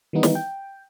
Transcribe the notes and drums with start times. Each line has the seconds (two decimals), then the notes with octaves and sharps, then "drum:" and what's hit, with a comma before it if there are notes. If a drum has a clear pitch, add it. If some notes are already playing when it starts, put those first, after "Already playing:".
0.13 D#3 E3 G3 B3 D#4
0.23 drum: snare
0.35 G5